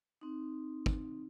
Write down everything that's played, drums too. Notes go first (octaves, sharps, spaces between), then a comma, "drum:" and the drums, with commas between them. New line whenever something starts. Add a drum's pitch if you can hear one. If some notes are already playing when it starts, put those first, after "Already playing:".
C4 D#4
drum: kick